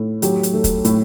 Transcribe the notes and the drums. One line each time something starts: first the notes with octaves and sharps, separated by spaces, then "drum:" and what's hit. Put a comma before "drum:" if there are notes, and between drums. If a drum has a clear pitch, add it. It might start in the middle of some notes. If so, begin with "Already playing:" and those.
Already playing: A2
F#3 G4, drum: hi-hat
drum: hi-hat
A3
drum: kick, hi-hat
A2, drum: hi-hat